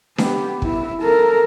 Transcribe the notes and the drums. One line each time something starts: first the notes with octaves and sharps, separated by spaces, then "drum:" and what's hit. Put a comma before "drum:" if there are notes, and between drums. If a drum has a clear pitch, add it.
B3 G4, drum: snare D4
E4, drum: kick
A4 A#4